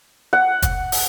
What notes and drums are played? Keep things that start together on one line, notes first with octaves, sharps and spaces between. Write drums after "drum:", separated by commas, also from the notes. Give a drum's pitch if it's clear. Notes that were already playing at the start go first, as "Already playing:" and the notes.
F#5
drum: kick, hi-hat
drum: open hi-hat